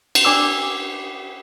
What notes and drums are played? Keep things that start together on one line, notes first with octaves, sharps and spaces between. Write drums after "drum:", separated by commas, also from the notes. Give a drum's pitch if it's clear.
drum: cymbal
D4 D5 D6 E6